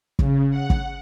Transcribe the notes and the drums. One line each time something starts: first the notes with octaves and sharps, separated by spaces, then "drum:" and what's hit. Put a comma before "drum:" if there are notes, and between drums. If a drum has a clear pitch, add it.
C#3, drum: kick
F#5
drum: kick